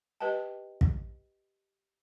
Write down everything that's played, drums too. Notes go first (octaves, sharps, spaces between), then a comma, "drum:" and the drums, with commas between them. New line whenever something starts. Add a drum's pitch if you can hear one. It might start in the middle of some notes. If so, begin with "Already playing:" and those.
G4 B4 D#5 G5 A5
drum: kick